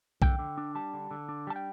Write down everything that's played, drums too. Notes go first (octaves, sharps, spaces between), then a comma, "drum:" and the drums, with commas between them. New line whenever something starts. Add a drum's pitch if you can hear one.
D3 G5, drum: kick B1
D3
D4
G3 A5
D3
D3
D4
G3 A5
G5